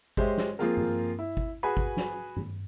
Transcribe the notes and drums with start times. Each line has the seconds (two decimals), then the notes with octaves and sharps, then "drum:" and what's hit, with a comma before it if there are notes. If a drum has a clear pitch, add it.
0.17 G#3 G4 C5 C#5 E5, drum: kick G#1
0.37 drum: snare
0.59 F3 A#3 C4 F4 G#4 A#4
0.77 drum: tom G2
1.19 E4
1.37 drum: kick G#1
1.63 F#4 G#4 B4 G#5 B5
1.77 drum: kick G#1
1.97 drum: snare
2.37 drum: tom G2